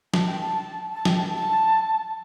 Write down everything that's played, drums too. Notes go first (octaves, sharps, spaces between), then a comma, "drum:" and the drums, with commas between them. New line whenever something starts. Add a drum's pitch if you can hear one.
A5, drum: snare
G5
A5
A5
G5, drum: snare
A5
A5